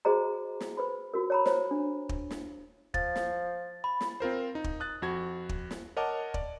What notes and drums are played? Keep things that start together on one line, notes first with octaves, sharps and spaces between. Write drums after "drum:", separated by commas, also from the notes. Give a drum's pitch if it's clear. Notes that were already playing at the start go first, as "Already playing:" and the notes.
F#4 G#4 C5 D#5 A#5
drum: snare
B4 C5 B5
F4 F#4 A#4
C#5 A#5 B5
C5 C#5, drum: snare
D4
drum: kick
drum: snare
F3 A6, drum: kick
drum: snare
B5
drum: snare
C4 F4 A#4 C5
D#4
drum: kick
D#6 F#6 A6
F2 F#4 G#6
drum: kick
drum: snare
A#4 C#5 D#5 F#5 A5 D6
D5, drum: kick